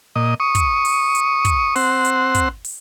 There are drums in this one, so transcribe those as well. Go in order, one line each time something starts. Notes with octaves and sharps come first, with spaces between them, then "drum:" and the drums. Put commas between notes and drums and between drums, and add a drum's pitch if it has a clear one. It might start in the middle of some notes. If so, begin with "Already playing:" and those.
A#2 D#5
C#6 D#6
drum: kick, hi-hat
drum: open hi-hat
drum: hi-hat
drum: kick, hi-hat
C4 C5 F#5, drum: open hi-hat
drum: hi-hat
drum: kick, hi-hat
drum: open hi-hat